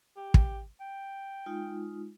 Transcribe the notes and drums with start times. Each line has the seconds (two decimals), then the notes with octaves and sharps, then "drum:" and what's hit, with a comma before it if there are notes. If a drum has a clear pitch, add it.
0.17 G4
0.34 drum: kick
0.81 G5
1.46 G#3 D#4 F4